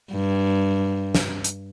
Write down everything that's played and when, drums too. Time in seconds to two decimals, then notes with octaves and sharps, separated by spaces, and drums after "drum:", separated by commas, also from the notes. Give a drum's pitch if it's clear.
0.12 G2
1.15 drum: snare
1.44 drum: hi-hat